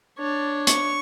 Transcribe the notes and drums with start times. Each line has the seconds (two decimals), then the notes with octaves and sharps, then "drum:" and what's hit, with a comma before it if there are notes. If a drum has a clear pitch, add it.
0.19 D4 C#5
0.67 C#6, drum: hi-hat